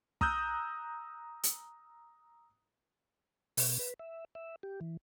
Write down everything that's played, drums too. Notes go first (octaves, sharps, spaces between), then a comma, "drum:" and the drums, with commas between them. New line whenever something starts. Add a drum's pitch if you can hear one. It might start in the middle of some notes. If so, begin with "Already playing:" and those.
A#5 D#6 E6 F#6 G6, drum: kick
drum: hi-hat
B2, drum: open hi-hat
B4
E5
E5
G4
E3